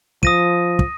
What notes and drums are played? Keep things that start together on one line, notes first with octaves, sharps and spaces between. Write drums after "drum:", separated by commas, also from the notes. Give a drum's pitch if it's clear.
F3 D#6 A#6 D#7, drum: kick
drum: kick